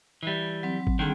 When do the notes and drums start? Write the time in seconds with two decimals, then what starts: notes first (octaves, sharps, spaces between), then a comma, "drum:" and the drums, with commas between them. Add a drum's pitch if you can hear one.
0.23 E3 G3
0.63 F#3 C4
0.87 drum: kick
0.99 D3 D#3 G3 C4 G#4